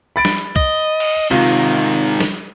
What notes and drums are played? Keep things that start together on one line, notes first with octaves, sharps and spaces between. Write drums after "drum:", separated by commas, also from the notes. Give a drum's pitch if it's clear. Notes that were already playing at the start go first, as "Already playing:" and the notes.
B5 A6 D7
drum: snare
drum: hi-hat
D#5, drum: kick
drum: cymbal
G#2 C3 D#3 F4
drum: snare